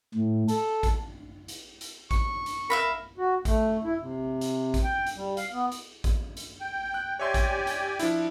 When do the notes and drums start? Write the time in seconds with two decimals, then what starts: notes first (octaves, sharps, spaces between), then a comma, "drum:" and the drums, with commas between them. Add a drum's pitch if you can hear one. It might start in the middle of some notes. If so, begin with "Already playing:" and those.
0.14 A2
0.48 A4, drum: hi-hat
0.83 drum: kick A1, hi-hat
1.48 drum: hi-hat
1.81 drum: hi-hat
2.11 C#6, drum: kick A1, hi-hat
2.46 drum: hi-hat
2.70 A#4 E5 F5 B5
3.18 F#4
3.45 A3, drum: kick A1, hi-hat
3.84 E4
4.00 C3
4.41 drum: hi-hat
4.74 drum: kick A1, hi-hat
4.84 G5
5.07 drum: hi-hat
5.16 G3
5.37 F5, drum: hi-hat
5.52 B3
5.72 drum: hi-hat
6.04 drum: kick A1, hi-hat
6.37 drum: hi-hat
6.61 G5
6.94 F#6
7.19 G4 C#5 D5 E5 G#5 C6
7.34 drum: kick A1, hi-hat
7.67 drum: hi-hat
8.00 F3 D4 E4, drum: hi-hat